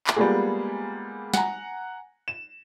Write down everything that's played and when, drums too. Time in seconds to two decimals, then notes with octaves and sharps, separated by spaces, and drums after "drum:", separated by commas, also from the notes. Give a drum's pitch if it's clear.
0.07 drum: clap
0.16 G3 G#3 A#3 B3 F4 G#4
1.34 F#5 G#5 A#5, drum: snare
2.28 E7